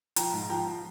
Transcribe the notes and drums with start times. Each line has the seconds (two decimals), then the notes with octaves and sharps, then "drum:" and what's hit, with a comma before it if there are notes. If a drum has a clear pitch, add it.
0.16 F3 G5 A#5, drum: hi-hat
0.33 G#2
0.50 F3 G5 A#5
0.66 F3